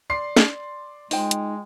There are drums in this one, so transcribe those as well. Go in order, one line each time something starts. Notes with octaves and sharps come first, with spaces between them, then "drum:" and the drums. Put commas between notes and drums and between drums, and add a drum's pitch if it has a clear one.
D5 C6 C7
drum: snare
G#3 D#4 F4 C5 G5, drum: open hi-hat
drum: hi-hat